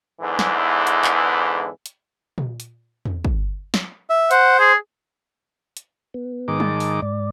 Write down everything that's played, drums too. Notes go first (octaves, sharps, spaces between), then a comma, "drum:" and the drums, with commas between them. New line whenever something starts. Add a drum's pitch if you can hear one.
E2 G#2 D3 E3
drum: snare
drum: hi-hat
drum: clap
drum: hi-hat
drum: tom A#2
drum: hi-hat
drum: tom E2
drum: kick
drum: snare
E5
C5 F#5, drum: hi-hat
G#4
drum: hi-hat
B3
G#2 D#3 D6
A5, drum: tom F#3
drum: open hi-hat
G#2 D5